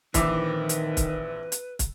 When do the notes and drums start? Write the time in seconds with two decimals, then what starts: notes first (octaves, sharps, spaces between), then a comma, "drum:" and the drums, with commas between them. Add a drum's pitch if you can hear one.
0.14 A#1 D#3 E3 C4 B4 E5 D6, drum: kick, hi-hat
0.69 drum: hi-hat
0.97 drum: kick, hi-hat
1.52 drum: hi-hat
1.79 drum: kick, hi-hat